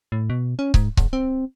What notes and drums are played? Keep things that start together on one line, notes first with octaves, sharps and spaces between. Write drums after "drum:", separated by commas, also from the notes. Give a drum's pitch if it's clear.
A2
B2
C#4
G#2, drum: kick C#1
F#1, drum: kick C#1
C4